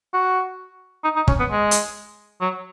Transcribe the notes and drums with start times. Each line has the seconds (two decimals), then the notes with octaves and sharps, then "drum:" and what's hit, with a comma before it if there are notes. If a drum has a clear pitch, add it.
0.14 F#4
1.04 D#4
1.16 D#4
1.28 C#4, drum: kick
1.39 B3
1.51 G#3
1.71 drum: hi-hat
2.41 F#3